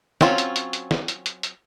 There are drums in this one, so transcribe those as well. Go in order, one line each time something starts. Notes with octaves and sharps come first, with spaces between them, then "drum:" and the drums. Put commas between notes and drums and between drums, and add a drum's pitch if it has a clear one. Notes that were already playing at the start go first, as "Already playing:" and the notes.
F#3 C4 C#4 F4, drum: snare
drum: hi-hat
drum: hi-hat
drum: hi-hat
drum: snare
drum: hi-hat
drum: hi-hat
drum: hi-hat